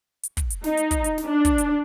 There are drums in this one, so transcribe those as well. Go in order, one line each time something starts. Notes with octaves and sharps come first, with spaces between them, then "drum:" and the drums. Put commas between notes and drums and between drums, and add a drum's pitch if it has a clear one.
drum: hi-hat
drum: kick, hi-hat
drum: hi-hat
D#4, drum: snare
drum: hi-hat
drum: kick, hi-hat
drum: hi-hat
drum: snare
D4
drum: kick, hi-hat
drum: hi-hat